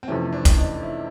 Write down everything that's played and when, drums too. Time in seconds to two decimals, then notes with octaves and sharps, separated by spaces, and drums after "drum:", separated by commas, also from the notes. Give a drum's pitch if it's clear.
0.03 C4
0.08 F2 C3 E3 A3 C#4
0.33 D4
0.45 drum: kick, hi-hat
0.58 D#4
0.83 E4